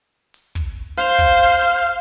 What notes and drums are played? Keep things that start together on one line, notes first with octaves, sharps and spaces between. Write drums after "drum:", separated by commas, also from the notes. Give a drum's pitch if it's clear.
drum: hi-hat
drum: kick
C5 F5
drum: kick, hi-hat
drum: hi-hat